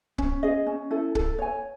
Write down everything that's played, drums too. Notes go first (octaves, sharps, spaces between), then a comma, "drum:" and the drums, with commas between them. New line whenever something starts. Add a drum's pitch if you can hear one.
C#4, drum: kick
G#4 D#5
C#4
E4 A4
A4, drum: kick
C#5 G#5